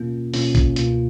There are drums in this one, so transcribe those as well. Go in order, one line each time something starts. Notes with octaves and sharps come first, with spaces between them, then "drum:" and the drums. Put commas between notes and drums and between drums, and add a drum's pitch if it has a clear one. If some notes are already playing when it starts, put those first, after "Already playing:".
Already playing: B2 A#3 C#4 F4
B2 A#3 C#4 F4, drum: open hi-hat
drum: kick, hi-hat
C#2 B2 A#3 F4, drum: hi-hat